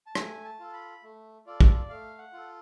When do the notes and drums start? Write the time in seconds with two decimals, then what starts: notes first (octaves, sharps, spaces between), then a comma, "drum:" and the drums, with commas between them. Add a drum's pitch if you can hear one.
0.07 A5
0.15 A3 G#5, drum: rim click
0.45 A5
0.59 F4 A4
0.73 B5
1.03 A3
1.47 F4 A4 D5
1.61 drum: kick
1.89 A3 F5
2.18 F#5
2.33 F4 A4